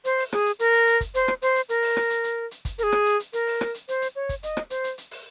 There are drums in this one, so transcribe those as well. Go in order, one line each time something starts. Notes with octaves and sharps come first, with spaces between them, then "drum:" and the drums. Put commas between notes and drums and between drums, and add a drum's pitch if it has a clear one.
C5, drum: hi-hat
drum: open hi-hat
G#4, drum: rim click
drum: hi-hat
A#4, drum: hi-hat
drum: hi-hat
drum: hi-hat
drum: kick, hi-hat
C5, drum: hi-hat
drum: rim click
C5, drum: hi-hat
drum: hi-hat
A#4, drum: hi-hat
drum: open hi-hat
drum: rim click
drum: hi-hat
drum: hi-hat
drum: hi-hat
drum: kick, hi-hat
A#4, drum: hi-hat
G#4
drum: rim click
drum: hi-hat
drum: hi-hat
A#4, drum: hi-hat
drum: open hi-hat
drum: rim click
drum: hi-hat
C5, drum: hi-hat
drum: hi-hat
C#5
drum: kick, hi-hat
D#5, drum: hi-hat
drum: rim click
C5, drum: hi-hat
drum: hi-hat
drum: hi-hat
drum: open hi-hat